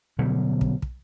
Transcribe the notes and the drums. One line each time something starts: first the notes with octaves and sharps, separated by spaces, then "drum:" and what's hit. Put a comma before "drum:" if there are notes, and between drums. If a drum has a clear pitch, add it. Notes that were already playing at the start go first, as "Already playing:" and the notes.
B2 D3 F#3 G3
drum: kick
drum: kick